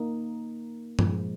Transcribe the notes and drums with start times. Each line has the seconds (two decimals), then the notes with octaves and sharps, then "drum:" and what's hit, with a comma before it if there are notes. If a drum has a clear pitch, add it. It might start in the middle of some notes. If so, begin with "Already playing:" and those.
Already playing: A#3 D#4 A#4
0.99 A#2 F3 G#3, drum: tom G2